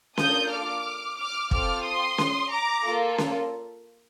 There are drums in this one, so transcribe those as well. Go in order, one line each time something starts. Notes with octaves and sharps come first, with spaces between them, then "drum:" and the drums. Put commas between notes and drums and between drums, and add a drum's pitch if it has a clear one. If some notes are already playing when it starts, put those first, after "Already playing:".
A#3 D4 F4 A4 D#6 G6, drum: snare C#4
D6 F6
D6 F6
C4 F4 A4 D6 F6, drum: kick
C6 D#6
drum: snare C#4
A#5 D6
A#3 F4 A4
drum: snare C#4